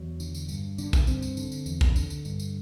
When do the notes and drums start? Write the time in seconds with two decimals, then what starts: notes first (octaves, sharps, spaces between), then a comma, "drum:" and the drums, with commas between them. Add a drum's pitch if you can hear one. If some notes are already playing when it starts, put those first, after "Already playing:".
Already playing: E2 F#3
0.20 D3, drum: tambourine
0.35 drum: tambourine
0.49 G2, drum: tambourine
0.78 D3 D4, drum: tambourine
0.93 drum: kick, tambourine
1.07 G2 C4, drum: tambourine
1.22 drum: tambourine
1.37 D3, drum: tambourine
1.52 drum: tambourine
1.66 E2, drum: tambourine
1.81 drum: kick, tambourine
1.96 D3, drum: tambourine
2.10 drum: tambourine
2.25 G2, drum: tambourine
2.40 drum: tambourine